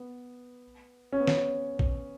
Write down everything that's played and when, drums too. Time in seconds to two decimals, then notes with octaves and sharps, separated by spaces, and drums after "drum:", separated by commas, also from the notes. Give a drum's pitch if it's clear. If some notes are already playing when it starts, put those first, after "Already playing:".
Already playing: B3
1.13 C#4
1.20 B3
1.27 C#4, drum: snare
1.79 drum: kick